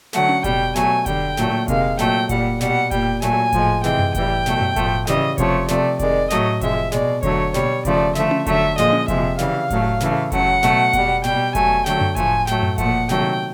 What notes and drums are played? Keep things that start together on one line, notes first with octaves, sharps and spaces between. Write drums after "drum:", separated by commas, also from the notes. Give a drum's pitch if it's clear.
D3 F#3 A3 F#5, drum: snare
drum: tom C#4
B2 G3 G5, drum: kick F1, hi-hat
B2 F#3 A3 G#5, drum: snare
D3 G3 G5, drum: kick F1, hi-hat
A#2 F#3 A3, drum: snare
C3 D#3 G#3 F5, drum: kick F1, hi-hat
A#2 F#3 A3 G5, drum: snare
A#2 G3 F#5, drum: kick F1, hi-hat
B2 G3 F#5, drum: snare
A#2 G3 G5, drum: kick F1, hi-hat
A#2 F#3 A3 G#5, drum: snare
A2 F3 G#3, drum: kick F1, hi-hat
C3 E3 G#3 G5, drum: snare
drum: tom F#2
A2 E3 G3 G5, drum: kick F1, hi-hat
B2 F#3 A3, drum: snare
drum: tom F#2
A2 F3 A3, drum: kick F1, hi-hat
C#3 E3 G3 D#5, drum: snare
C3 F3 A3 C#5, drum: kick F1, hi-hat
C3 F3 A3 D5, drum: snare
C3 D#3 G#3 D5, drum: kick F1, hi-hat
A2 F#3 A3 D#5, drum: snare
C3 F3 G#3 E5, drum: kick F1, hi-hat
B2 G#3 D5, drum: snare
D3 F#3 A3 C#5, drum: kick F1, hi-hat
B2 G3 C#5, drum: snare
C#3 F3 A3 D5, drum: kick F1, hi-hat
D3 F3 A3 E5, drum: snare
drum: tom C#4
D3 F#3 A3 E5, drum: kick F1, hi-hat
A#2 F3 G#3 D#5, drum: snare
drum: tom C#4
C3 F3 G#3 E5, drum: kick F1, hi-hat
C#3 E3 G3 F5, drum: snare
A2 F#3 A3, drum: kick F1, hi-hat
C#3 E3 A3, drum: snare
C#3 F#3 A3 F#5, drum: kick F1, hi-hat
B2 F#3 A3, drum: snare
B2 G3, drum: kick F1, hi-hat
B2 G3 G5, drum: snare
B2 F#3 A3 G#5, drum: kick F1, hi-hat
D3 F#3 A3 G5, drum: snare
drum: tom F#2
A2 F3 A3 G#5, drum: kick F1, hi-hat
A2 F#3 A3 G5, drum: snare
drum: tom F#2
A#2 F3 A3 F#5, drum: kick F1, hi-hat
C3 D#3 F#3 A3 G5, drum: snare